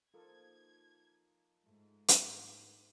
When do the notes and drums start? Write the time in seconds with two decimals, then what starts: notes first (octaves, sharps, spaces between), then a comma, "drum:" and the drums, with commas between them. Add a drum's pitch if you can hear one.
0.14 F3 A#3 D#4 F4 A4 A#4 G#6
1.66 G#2 A3
2.08 D#4, drum: hi-hat